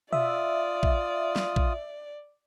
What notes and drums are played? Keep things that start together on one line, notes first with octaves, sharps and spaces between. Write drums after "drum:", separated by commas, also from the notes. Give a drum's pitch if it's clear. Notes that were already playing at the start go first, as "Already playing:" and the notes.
F4 D5 E5 D#6, drum: tom B2
drum: kick A#1
drum: snare
drum: kick A#1